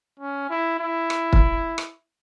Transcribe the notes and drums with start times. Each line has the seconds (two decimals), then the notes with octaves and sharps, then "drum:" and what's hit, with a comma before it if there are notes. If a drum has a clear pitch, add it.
0.20 C#4
0.50 E4
0.80 E4
1.10 drum: rim click
1.33 drum: kick
1.78 drum: rim click